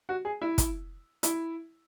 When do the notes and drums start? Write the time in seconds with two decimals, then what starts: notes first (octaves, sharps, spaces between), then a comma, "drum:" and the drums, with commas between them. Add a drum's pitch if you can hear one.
0.09 F#4
0.25 G#4
0.42 E4
0.58 drum: kick, hi-hat
1.23 E4, drum: hi-hat